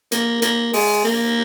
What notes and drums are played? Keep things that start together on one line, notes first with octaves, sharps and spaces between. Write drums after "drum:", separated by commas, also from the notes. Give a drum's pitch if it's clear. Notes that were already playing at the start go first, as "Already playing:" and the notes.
A#3, drum: hi-hat
A#3, drum: hi-hat
G#3, drum: open hi-hat
A#3